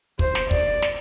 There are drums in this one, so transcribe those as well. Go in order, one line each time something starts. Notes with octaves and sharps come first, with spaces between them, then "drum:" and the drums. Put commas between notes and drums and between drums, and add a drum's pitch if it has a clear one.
C5, drum: kick
drum: snare
D5, drum: kick
drum: snare